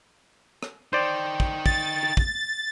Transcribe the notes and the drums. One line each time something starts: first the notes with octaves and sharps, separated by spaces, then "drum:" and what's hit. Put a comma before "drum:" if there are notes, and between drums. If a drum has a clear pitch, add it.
drum: rim click
D#4 C5 D5 G5
drum: kick
A6, drum: kick
drum: kick